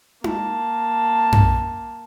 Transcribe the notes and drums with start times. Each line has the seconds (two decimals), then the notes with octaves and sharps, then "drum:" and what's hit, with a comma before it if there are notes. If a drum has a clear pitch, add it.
0.24 A#3 A5, drum: tom D#4
1.32 drum: tom F#2